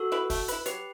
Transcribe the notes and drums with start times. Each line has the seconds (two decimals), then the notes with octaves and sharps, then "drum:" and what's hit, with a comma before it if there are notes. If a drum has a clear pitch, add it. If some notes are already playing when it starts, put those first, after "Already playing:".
Already playing: F#4 A4
0.12 E4 B4
0.30 A3, drum: kick, open hi-hat
0.48 E4 B4, drum: hi-hat
0.66 F#3 G4 B4, drum: hi-hat